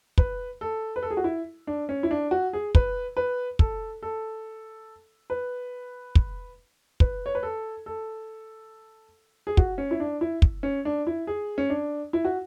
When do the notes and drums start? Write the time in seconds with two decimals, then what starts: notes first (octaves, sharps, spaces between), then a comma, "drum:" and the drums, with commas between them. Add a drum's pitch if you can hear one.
0.18 B4, drum: kick
0.61 A4
0.96 B4
1.03 A4
1.11 G#4
1.17 F#4
1.24 E4
1.67 D4
1.89 C#4
2.03 E4
2.11 D4
2.31 F#4
2.53 G#4
2.75 B4, drum: kick
3.17 B4
3.59 A4, drum: kick
4.03 A4
5.30 B4
6.15 drum: kick
7.00 B4, drum: kick
7.26 C#5
7.35 B4
7.43 A4
7.86 A4
9.47 G#4
9.57 F#4, drum: kick
9.78 C#4
9.91 E4
10.00 D4
10.21 E4
10.42 drum: kick
10.63 C#4
10.85 D4
11.07 E4
11.27 G#4
11.58 C#4
11.70 D4
12.13 E4
12.25 F#4